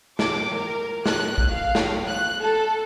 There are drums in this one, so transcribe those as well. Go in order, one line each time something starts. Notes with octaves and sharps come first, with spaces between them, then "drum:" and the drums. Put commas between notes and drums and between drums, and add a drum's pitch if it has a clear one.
D6, drum: snare
A#4
F#6, drum: snare
drum: kick
F5
drum: snare
F#6
A4